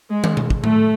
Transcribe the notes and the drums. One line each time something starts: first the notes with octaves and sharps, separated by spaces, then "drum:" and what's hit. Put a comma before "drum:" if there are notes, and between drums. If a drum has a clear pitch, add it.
G#3
drum: tom
drum: tom
drum: kick
A3, drum: tom A2